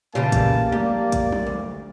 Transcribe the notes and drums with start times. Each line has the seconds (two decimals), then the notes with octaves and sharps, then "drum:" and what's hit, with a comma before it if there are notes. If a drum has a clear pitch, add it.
0.15 A#2 C#3 E3 G3 A#3 A5
0.32 drum: kick, hi-hat
0.72 G4 D5, drum: tom
1.12 drum: kick, hi-hat
1.32 drum: tom
1.46 D2